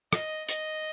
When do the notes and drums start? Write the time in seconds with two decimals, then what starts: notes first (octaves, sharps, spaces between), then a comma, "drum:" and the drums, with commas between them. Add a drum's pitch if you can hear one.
0.13 D#5, drum: rim click
0.49 D#5, drum: hi-hat